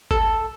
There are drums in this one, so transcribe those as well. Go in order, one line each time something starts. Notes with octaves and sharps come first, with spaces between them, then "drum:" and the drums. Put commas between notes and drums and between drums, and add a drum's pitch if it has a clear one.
A4, drum: kick